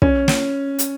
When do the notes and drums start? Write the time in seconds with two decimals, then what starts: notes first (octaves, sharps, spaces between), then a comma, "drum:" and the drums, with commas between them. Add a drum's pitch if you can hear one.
0.02 C#4, drum: kick
0.28 drum: snare
0.79 drum: hi-hat